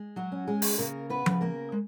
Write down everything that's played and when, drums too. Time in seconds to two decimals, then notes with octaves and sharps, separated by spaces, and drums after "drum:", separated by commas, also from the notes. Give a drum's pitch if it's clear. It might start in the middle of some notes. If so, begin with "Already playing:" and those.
Already playing: G#3
0.16 F#3 F#4
0.32 C#4
0.48 G#3 G#4
0.62 drum: open hi-hat
0.78 C#3 A#3 A#4
1.10 B3 B4
1.26 C#3 B4, drum: tom F3
1.41 A#3 A#4
1.72 G#3